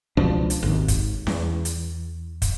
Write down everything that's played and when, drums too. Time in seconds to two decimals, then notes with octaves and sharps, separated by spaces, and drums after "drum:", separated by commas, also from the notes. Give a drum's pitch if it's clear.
0.17 C#2 B2 F3 D4
0.50 drum: hi-hat
0.63 G#1 D#2
0.88 drum: kick, hi-hat
1.27 E2, drum: snare C#4
1.65 drum: hi-hat
2.42 drum: kick, hi-hat